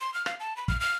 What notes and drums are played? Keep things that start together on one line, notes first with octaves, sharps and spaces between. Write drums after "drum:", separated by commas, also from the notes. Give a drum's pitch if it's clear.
C6
F6
F5, drum: rim click
A5
B5
F6, drum: kick
F6